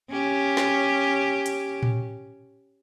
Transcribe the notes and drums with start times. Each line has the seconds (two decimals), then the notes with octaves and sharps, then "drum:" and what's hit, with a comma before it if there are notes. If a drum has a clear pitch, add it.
0.11 C#4 G4
0.57 drum: snare
1.46 drum: hi-hat
1.83 drum: tom A2